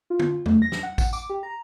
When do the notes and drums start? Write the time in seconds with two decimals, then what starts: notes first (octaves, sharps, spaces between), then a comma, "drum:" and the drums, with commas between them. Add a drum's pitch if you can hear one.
0.10 F4
0.20 drum: tom D3
0.46 A3, drum: tom E2
0.62 A#6
0.72 drum: snare
0.83 F#5
0.98 drum: kick A1, tambourine
1.13 D6, drum: tambourine
1.30 G4
1.43 A#5